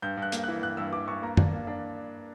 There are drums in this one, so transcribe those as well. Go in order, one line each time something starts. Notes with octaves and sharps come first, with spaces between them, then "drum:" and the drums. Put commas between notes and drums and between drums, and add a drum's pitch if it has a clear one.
G2 G6
G2
F#6
A#3, drum: hi-hat
E3 F#6
G2 F#6
G2 E6
E3 D6
G2 C#6
A#3 A#5
D4, drum: tom
A#3
D4